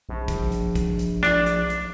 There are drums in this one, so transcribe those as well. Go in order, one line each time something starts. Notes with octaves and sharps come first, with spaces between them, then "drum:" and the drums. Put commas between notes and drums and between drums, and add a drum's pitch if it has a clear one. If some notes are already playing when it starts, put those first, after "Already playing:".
A#1
drum: kick, hi-hat
drum: hi-hat
drum: kick, hi-hat
drum: hi-hat
D4, drum: snare
drum: hi-hat
drum: hi-hat